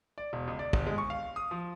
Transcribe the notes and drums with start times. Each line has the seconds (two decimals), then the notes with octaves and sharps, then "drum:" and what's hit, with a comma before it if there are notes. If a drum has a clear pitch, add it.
0.18 D5
0.33 E1
0.47 C#2
0.59 D5
0.73 G1, drum: kick
0.87 G#3
0.98 C#6
1.10 F5
1.36 D#6
1.51 F3